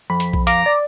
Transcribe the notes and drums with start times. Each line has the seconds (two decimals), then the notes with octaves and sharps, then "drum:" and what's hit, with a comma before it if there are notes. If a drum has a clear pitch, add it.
0.10 F2 B5
0.20 drum: hi-hat
0.33 drum: kick B1
0.47 F5 A#5 D6, drum: hi-hat
0.66 D5